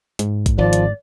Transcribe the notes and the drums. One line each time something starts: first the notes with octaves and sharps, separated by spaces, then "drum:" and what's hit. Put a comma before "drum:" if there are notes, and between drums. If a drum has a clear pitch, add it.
G#2, drum: hi-hat
drum: kick A1, hi-hat
G#1 F3 D5
drum: hi-hat